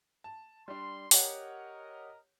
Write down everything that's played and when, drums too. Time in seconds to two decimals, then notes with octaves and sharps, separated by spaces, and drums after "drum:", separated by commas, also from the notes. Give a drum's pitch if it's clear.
0.24 A5
0.68 G3 D4 C6
1.11 G4 A#4 C#5 D#5 F#5, drum: open hi-hat